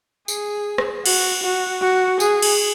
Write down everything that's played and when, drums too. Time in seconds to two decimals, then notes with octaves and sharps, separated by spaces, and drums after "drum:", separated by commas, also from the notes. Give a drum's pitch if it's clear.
0.28 G#4, drum: tambourine
0.78 drum: rim click
1.06 F#4, drum: cymbal
1.43 F#4
1.82 F#4
2.20 G#4, drum: tambourine
2.42 drum: cymbal